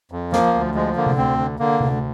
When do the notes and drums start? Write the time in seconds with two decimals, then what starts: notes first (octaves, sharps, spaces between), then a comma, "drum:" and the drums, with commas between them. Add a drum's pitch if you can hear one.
0.12 F2
0.32 F3 A#3, drum: snare
0.54 D2
0.74 F3 G#3
0.95 D3 A#3
1.06 drum: tom C3
1.17 D2 C4
1.38 D3
1.59 D3 A#3
1.81 D2, drum: tom C3